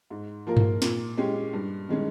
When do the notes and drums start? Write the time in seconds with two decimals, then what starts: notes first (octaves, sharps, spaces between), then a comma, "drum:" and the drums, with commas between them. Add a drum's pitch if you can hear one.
0.10 G#2
0.47 F3 A#3 F4 A#4
0.57 drum: tom G2
0.82 A#2, drum: snare
1.18 G#3 C#4 G4
1.53 G2
1.89 D#3 G#3 C#4